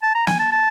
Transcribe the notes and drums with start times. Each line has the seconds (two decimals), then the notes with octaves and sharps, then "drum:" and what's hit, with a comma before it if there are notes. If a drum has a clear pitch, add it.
0.03 A5
0.15 A#5
0.27 G#5, drum: snare
0.40 A5
0.52 A5